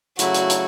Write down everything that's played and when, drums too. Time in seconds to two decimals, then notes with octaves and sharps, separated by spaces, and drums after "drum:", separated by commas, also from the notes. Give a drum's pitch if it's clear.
0.19 C#3 F#3 A3 E4 F#4, drum: hi-hat
0.34 drum: hi-hat
0.50 drum: hi-hat